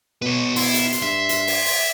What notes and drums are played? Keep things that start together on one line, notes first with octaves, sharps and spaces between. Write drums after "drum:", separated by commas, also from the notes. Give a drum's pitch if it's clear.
B2 B4 C#5
E4 C6, drum: open hi-hat
drum: hi-hat
drum: hi-hat
G2 E5
drum: hi-hat
drum: open hi-hat
drum: open hi-hat